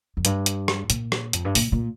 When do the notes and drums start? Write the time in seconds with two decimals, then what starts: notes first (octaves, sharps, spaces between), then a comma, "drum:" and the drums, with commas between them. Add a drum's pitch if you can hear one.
0.17 F2
0.25 G2, drum: hi-hat
0.46 drum: hi-hat
0.68 drum: rim click
0.90 A#2, drum: hi-hat
1.12 drum: rim click
1.33 F2, drum: hi-hat
1.45 G2
1.55 A#2, drum: open hi-hat
1.72 A#2